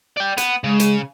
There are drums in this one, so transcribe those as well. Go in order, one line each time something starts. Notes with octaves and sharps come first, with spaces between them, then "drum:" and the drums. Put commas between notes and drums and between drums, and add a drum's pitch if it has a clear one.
D5 G5
B3, drum: hi-hat
C#3 G#3
drum: hi-hat